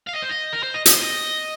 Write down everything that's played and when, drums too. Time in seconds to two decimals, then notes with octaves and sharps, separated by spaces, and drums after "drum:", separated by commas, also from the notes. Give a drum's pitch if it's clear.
0.09 F5
0.16 D#5
0.24 C5
0.30 D#5
0.53 A#4
0.63 C5
0.74 D#5
0.86 D#5, drum: hi-hat
0.94 C5
1.01 D#5